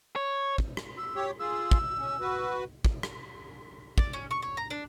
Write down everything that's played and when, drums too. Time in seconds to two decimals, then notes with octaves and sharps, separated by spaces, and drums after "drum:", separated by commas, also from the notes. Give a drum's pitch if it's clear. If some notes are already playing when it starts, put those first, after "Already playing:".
0.16 C#5
0.58 drum: kick
0.77 drum: rim click
0.97 E6
1.15 G4 C#5
1.39 F4 G#4 E6
1.71 drum: kick
1.99 C#4
2.20 F#4 B4
2.85 drum: kick
3.03 drum: rim click
3.98 D5, drum: kick
4.13 C#4
4.31 C#6
4.42 C#5
4.57 A#5
4.70 D4